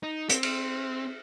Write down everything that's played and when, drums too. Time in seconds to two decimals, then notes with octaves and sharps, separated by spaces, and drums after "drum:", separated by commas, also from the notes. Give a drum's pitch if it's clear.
0.03 D#4
0.29 C4, drum: hi-hat
0.43 drum: cymbal